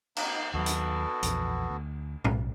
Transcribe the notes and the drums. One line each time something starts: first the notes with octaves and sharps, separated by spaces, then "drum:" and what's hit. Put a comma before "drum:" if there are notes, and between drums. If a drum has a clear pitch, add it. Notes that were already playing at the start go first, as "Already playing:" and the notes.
A#3 D#4, drum: cymbal
D#2 F#3 B3 F#4 A4
drum: hi-hat
A#1 E2, drum: hi-hat
D2
B1, drum: tom A2